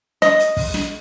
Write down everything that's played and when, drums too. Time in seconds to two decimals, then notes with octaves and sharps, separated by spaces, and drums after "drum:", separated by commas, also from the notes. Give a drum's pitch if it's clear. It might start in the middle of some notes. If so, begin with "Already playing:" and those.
0.22 D#5, drum: snare
0.39 drum: hi-hat
0.57 drum: kick, open hi-hat
0.74 drum: snare